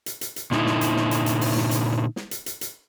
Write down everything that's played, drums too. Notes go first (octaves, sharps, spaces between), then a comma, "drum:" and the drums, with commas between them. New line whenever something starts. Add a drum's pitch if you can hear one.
drum: hi-hat
drum: hi-hat
drum: hi-hat
A#2 D3 D#4 E4, drum: snare
drum: snare
drum: hi-hat
drum: snare
drum: hi-hat
drum: hi-hat
drum: open hi-hat
drum: snare
drum: hi-hat
drum: snare
drum: hi-hat
drum: hi-hat
drum: hi-hat